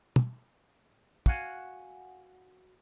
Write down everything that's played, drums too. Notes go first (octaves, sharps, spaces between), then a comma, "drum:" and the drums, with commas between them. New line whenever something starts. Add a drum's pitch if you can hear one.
drum: tom
F#4 F5 F#5 G#5, drum: kick